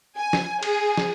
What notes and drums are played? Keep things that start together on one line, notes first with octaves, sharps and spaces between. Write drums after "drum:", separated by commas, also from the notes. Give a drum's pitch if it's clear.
G#5
drum: snare
G#4, drum: cymbal
drum: snare